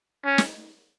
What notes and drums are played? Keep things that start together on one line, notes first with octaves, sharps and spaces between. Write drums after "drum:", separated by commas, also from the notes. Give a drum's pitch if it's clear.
C#4
drum: snare